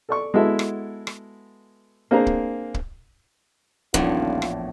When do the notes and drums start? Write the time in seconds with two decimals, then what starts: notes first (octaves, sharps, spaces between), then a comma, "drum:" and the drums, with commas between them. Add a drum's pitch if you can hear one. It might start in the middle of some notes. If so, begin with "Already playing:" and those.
0.09 A4 D5 C#6
0.34 G#3 B3 E4 F#4 A4 E5
0.59 drum: rim click
1.07 drum: rim click
2.11 A#3 C4 D4 G#4 C5 A#5
2.27 drum: kick
2.74 drum: kick
3.94 D#1 A#1 E2 A2 F4, drum: kick
4.42 drum: rim click